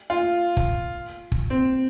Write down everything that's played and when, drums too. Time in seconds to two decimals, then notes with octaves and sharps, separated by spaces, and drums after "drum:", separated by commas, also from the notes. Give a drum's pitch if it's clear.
0.10 F4
0.57 drum: kick
1.32 drum: kick
1.50 C4